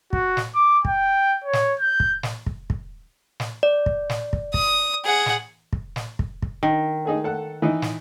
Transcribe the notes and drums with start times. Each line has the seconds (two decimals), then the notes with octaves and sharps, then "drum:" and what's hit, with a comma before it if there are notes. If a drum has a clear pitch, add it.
0.13 F#4, drum: kick
0.37 drum: snare
0.55 D6
0.85 G5, drum: kick
1.44 C#5
1.53 drum: snare
1.80 G6
2.00 drum: kick
2.23 drum: snare
2.46 drum: kick
2.70 drum: kick
3.40 drum: snare
3.63 D5
3.86 drum: kick
4.10 drum: snare
4.33 drum: kick
4.54 D#6, drum: kick
5.05 G#4 F#5
5.26 drum: snare
5.73 drum: kick
5.96 drum: snare
6.19 drum: kick
6.42 drum: kick
6.63 D#3
7.05 D#4 G#4 A4
7.24 A4 F#5
7.62 E3 D#4
7.82 drum: snare